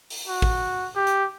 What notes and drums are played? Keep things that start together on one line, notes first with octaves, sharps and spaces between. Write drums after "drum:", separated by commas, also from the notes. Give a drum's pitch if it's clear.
drum: open hi-hat
F#4
drum: kick
G4
drum: hi-hat